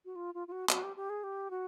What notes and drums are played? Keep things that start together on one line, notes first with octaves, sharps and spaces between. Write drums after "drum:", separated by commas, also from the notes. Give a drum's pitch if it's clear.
F#4
F4
F4
F4
F#4
F#4, drum: clap
G4
G4
G#4
G4
F#4